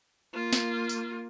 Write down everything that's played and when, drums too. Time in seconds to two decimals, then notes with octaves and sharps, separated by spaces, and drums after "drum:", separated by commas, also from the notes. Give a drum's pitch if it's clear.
0.34 A#3 F4
0.53 drum: snare
0.89 drum: tambourine